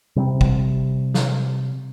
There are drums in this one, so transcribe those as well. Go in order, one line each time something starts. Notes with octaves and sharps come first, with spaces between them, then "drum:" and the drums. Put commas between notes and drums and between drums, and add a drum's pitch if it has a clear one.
C3 G3 A#3 C4
drum: kick
drum: snare